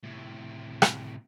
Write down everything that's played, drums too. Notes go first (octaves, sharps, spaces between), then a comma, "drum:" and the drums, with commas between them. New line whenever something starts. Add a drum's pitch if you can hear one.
A2 C3
drum: rim click